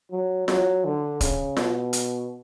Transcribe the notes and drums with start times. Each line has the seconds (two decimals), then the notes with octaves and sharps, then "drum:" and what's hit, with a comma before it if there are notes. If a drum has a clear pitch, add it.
0.12 F#3
0.48 F#3, drum: snare F4
0.85 D3
1.21 C#3, drum: kick, hi-hat
1.57 B2, drum: snare F4
1.93 drum: hi-hat